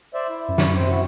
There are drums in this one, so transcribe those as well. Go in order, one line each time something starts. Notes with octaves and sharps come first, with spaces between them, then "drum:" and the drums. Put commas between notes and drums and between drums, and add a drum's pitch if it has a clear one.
C5 D5 E5
E4
F#2
drum: snare
C3 C4 C5
C4 E4 F#4